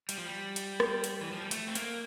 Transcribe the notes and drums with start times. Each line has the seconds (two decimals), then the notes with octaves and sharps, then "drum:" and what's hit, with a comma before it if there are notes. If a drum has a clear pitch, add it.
0.09 G3, drum: hi-hat
0.17 F3
0.26 G3
0.56 drum: hi-hat
0.80 drum: rim click
1.04 drum: hi-hat
1.21 E3
1.32 F3
1.41 G3
1.51 A3, drum: hi-hat
1.68 C4
1.75 A#3, drum: hi-hat